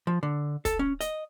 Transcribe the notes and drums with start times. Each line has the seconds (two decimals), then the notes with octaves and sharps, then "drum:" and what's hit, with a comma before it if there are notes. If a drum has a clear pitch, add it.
0.07 F3
0.23 D3
0.65 A4, drum: kick, hi-hat
0.79 C#4
1.01 D#5, drum: hi-hat